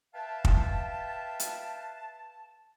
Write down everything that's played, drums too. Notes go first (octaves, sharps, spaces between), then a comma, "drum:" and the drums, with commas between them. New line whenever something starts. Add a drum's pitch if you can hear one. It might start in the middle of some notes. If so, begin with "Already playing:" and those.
B4 E5 F5 G5 A5
drum: kick
drum: hi-hat